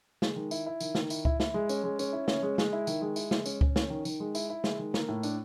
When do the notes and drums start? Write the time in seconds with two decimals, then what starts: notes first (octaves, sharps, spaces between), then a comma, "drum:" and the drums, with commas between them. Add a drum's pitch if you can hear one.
0.22 G#3, drum: snare
0.36 D#3
0.51 E4, drum: tambourine
0.66 E4
0.80 D#3, drum: tambourine
0.95 D#3, drum: snare
1.10 E4, drum: tambourine
1.25 E4, drum: kick C#2
1.40 E4, drum: snare
1.54 G#3
1.69 C#4, drum: tambourine
1.84 G#3
1.99 C#4, drum: tambourine
2.13 E4
2.28 C#4, drum: snare
2.43 G#3
2.58 G#3, drum: snare
2.73 E4
2.87 D#3, drum: tambourine
3.02 G#3
3.16 E4, drum: tambourine
3.31 G#3, drum: snare
3.46 C#4, drum: tambourine
3.61 C#4, drum: kick C#2
3.76 C#4, drum: snare
3.90 D#3
4.05 D#3, drum: tambourine
4.20 G#3
4.35 E4, drum: tambourine
4.50 E4
4.64 G#3, drum: snare
4.79 D#3
4.94 A#3, drum: snare
5.09 A2
5.23 D4, drum: tambourine